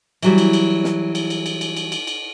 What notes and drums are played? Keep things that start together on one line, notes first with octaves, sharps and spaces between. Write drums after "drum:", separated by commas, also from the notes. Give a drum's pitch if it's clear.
E3 F#3 G3, drum: cymbal
drum: cymbal
drum: cymbal
drum: snare
drum: cymbal
drum: cymbal
drum: cymbal
drum: cymbal
drum: cymbal
drum: cymbal
drum: cymbal